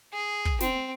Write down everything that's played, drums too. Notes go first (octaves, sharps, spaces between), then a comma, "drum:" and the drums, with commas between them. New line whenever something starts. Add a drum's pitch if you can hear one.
G#4
drum: kick
C4, drum: snare